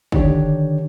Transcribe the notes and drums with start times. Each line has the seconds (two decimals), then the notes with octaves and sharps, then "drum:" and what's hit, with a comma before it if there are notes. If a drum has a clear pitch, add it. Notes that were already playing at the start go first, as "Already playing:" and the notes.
0.12 D3 D#3 D4 G4 C#5, drum: kick